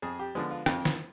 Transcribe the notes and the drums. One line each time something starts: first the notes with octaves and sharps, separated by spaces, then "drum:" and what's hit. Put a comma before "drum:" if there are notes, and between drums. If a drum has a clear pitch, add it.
F2 G#4
G4
D3 F3 G#3 B3
F4
F2 F4, drum: rim click
drum: snare